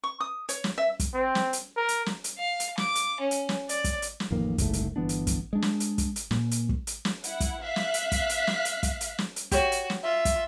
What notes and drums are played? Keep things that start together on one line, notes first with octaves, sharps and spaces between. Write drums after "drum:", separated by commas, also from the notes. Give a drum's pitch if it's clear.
C#6
D#6
C#5, drum: hi-hat
drum: snare
E5
drum: kick, hi-hat
C4
drum: snare
drum: hi-hat
A#4
drum: hi-hat
drum: snare
drum: hi-hat
F5
drum: hi-hat
D6, drum: snare
drum: hi-hat
C#4
drum: hi-hat
drum: snare
D5, drum: hi-hat
drum: kick, hi-hat
drum: hi-hat
drum: snare
A1 F2 D#3 A#3
F#1 C2 G#2 A3, drum: kick, hi-hat
drum: hi-hat
G1 E3 B3 D4
drum: hi-hat
drum: kick, hi-hat
G#3 D4
drum: snare
drum: hi-hat
drum: kick, hi-hat
drum: hi-hat
A#2, drum: snare
drum: hi-hat
drum: kick
drum: hi-hat
drum: snare
E4 F#5, drum: hi-hat
drum: kick, hi-hat
E5 F5 F#6 B6
drum: snare
drum: hi-hat
drum: kick, hi-hat
drum: hi-hat
drum: snare
drum: hi-hat
drum: kick, hi-hat
drum: hi-hat
drum: snare
drum: hi-hat
F#4 G4 C#5, drum: kick, hi-hat
drum: hi-hat
drum: snare
F4 E5
drum: kick, hi-hat